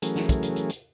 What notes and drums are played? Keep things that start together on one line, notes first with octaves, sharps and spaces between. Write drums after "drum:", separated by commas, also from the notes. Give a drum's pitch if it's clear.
E3 F#3 A3 C#4 G#4 A#4, drum: hi-hat
drum: snare
drum: kick, hi-hat
drum: hi-hat
drum: hi-hat
drum: hi-hat